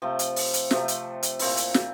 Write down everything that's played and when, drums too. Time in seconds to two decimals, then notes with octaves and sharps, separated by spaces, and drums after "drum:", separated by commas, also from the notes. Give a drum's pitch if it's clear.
0.02 C3 F3 A3
0.19 drum: hi-hat
0.36 drum: open hi-hat
0.53 drum: hi-hat
0.71 C3 F3 A3, drum: snare
0.88 drum: hi-hat
1.23 drum: hi-hat
1.39 A#2 A3 C4 E4, drum: open hi-hat
1.57 drum: hi-hat
1.74 drum: snare